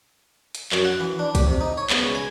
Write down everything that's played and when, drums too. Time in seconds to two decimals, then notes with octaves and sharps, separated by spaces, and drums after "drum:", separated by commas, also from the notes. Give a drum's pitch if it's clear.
0.55 drum: hi-hat
0.72 F#2, drum: clap
0.85 F#5
1.00 E3
1.19 D4
1.35 G4, drum: kick B1, hi-hat
1.47 C3
1.61 D#4
1.77 C#5
1.90 B3, drum: clap
2.03 C#2
2.15 G#5